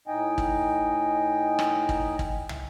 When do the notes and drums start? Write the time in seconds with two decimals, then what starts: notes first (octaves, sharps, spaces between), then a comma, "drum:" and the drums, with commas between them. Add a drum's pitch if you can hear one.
0.08 A2 D#4 D#5 G5 G#5
0.38 drum: kick G#1
1.59 drum: rim click
1.89 drum: kick G#1
2.19 drum: kick G#1
2.49 drum: tom